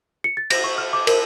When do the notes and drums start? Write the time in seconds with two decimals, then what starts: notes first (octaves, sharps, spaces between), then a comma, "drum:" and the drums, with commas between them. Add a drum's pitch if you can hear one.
0.24 C#7
0.37 A6
0.50 A#6, drum: cymbal
0.64 C#6
0.78 F6
0.93 D6
1.07 A#4, drum: cymbal